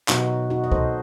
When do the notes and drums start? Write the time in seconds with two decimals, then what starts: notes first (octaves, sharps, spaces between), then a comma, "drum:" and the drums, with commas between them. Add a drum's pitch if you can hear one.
0.08 B2 F#3 B3 D#4 F#4, drum: clap
0.50 D#4 F#4
0.64 D#5
0.72 A4 C5, drum: kick C2